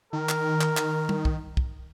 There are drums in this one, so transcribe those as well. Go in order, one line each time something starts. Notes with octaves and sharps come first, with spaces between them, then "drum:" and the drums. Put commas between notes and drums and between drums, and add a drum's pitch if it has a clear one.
D#3 A#4
drum: clap
drum: clap
drum: clap
drum: tom
drum: kick
drum: kick